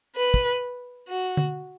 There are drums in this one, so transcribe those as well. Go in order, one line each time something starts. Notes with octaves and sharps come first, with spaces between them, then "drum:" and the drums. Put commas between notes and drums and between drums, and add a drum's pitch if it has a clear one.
B4
drum: kick
F#4
drum: tom D3